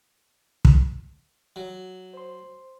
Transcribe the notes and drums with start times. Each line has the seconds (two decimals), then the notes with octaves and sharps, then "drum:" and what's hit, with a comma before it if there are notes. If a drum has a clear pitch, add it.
0.65 drum: kick
1.56 F#3
2.14 C5 C6